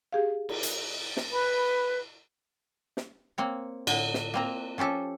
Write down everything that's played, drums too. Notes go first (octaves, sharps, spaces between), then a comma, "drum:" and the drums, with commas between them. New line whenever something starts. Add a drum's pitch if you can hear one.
G4 G#4 F5
drum: cymbal
drum: hi-hat
drum: snare
B4
drum: snare
A#3 C4 C#5
A2 D3, drum: cymbal
drum: snare
A#3 C4 A#5
F3 C#4 G4 A4